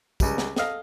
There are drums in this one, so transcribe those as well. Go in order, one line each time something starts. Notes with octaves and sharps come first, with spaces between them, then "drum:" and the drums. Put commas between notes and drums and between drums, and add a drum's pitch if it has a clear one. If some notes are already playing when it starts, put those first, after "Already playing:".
C#2 G3, drum: kick, tambourine
drum: snare
A4 D#5 F5, drum: snare